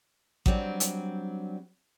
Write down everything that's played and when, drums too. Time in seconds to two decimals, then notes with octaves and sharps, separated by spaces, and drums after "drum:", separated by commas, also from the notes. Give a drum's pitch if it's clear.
0.46 F#3 G3 C4 D4, drum: kick A1
0.80 drum: hi-hat